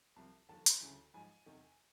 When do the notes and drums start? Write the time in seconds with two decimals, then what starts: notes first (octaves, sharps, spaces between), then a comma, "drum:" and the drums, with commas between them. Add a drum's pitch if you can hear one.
0.16 C2 C3 F3 A5
0.49 D#2 D3 F3 A5
0.66 drum: hi-hat
0.81 D2 C#3 E3
1.14 G#2 F3 G#5
1.46 E2 C3 D#3